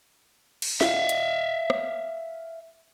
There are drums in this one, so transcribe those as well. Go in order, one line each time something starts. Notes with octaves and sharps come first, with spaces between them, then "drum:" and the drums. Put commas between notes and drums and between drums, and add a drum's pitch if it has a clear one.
drum: cymbal
E5 F5, drum: snare
drum: hi-hat
drum: rim click